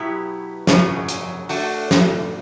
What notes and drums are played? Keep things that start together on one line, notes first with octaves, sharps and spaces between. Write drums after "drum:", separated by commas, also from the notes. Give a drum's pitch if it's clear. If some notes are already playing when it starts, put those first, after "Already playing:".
Already playing: B2 F#3 B3 E4 G4
F#2 C#3 F#3 C#4, drum: snare
drum: hi-hat
A3 D4 F#4, drum: open hi-hat
drum: snare